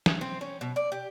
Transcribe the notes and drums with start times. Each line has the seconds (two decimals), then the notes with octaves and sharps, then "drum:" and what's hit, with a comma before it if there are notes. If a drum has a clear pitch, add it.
0.06 drum: snare
0.21 C4
0.41 C#4
0.61 B2
0.76 D5
0.92 G4